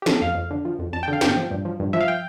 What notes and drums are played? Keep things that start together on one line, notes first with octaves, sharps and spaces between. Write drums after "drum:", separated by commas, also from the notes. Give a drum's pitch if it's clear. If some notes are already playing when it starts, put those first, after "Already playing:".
G4
F3 A4, drum: snare
F2 F5
F2
D3
F3
F2
F2 A5
G5
D3 F5
G2 G5, drum: snare
F3
G2
F3
G2
F3 E5
F5
G5